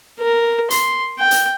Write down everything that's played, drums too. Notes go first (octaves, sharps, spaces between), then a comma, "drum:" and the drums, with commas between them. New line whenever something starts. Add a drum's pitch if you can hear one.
A#4
C6, drum: hi-hat
G5
drum: hi-hat